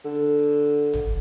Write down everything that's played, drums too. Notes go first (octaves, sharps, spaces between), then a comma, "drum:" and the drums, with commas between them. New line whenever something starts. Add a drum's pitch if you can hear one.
D3
drum: tom